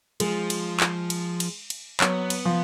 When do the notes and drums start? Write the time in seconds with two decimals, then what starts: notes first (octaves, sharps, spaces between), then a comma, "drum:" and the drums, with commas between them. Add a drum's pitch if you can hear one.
0.20 F3 G#3, drum: cymbal
0.50 drum: cymbal
0.80 drum: clap
1.10 drum: cymbal
1.40 drum: cymbal
1.70 drum: cymbal
2.00 F#3 B3, drum: clap
2.30 drum: cymbal
2.45 F3